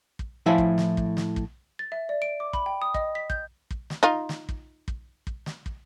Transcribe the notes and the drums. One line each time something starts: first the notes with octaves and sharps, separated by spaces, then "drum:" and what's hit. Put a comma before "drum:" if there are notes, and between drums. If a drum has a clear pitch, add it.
drum: kick
A2 F3 E4 E5 G#5 A5
drum: kick
drum: snare
drum: kick
drum: snare
drum: kick
A6
E5
D5
D7
D6
B5, drum: kick
G5
D#6
D#5, drum: kick
B6
G6, drum: kick
drum: kick
drum: snare
D#4 F4
drum: snare
drum: kick
drum: kick
drum: kick
drum: snare
drum: kick